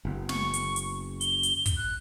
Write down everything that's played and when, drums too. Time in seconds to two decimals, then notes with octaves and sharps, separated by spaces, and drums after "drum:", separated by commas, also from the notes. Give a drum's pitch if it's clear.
0.05 F#1 B3
0.29 C#6, drum: snare
0.54 drum: hi-hat
0.76 drum: hi-hat
1.21 G7, drum: hi-hat
1.43 drum: hi-hat
1.66 drum: kick, hi-hat
1.77 F#6